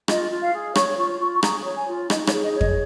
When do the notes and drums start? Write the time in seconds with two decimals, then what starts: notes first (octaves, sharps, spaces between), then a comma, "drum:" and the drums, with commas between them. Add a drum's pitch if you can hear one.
0.08 F4 D#5, drum: rim click
0.30 F4
0.42 F5
0.54 G#4
0.75 C#5 C#6, drum: rim click
0.98 F4 C#6
1.20 F4 C#6
1.35 C#6
1.43 G#4 A#5, drum: rim click
1.65 C#5
1.77 G#5
1.87 F4
2.10 D#4 D#5, drum: rim click
2.27 C#5, drum: rim click
2.33 G#4
2.43 D#5
2.55 C#5
2.61 D#5, drum: kick F2